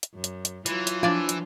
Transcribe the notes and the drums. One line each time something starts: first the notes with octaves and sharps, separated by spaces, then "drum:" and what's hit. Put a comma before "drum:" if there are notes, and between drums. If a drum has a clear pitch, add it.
drum: hi-hat
F#2
drum: hi-hat
drum: hi-hat
E3 F#3 F4, drum: hi-hat
drum: hi-hat
F3 D4 D5 G#5
drum: hi-hat